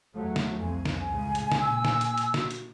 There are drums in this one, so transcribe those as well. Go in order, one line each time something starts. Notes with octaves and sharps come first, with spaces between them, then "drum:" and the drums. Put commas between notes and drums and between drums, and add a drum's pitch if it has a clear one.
E2 F#3 A3
drum: snare
C2 F2 G#5
drum: snare
C#2 A2 C#3
drum: hi-hat
drum: snare
A#2 E6
drum: snare
drum: hi-hat
drum: hi-hat
F#4, drum: snare
drum: hi-hat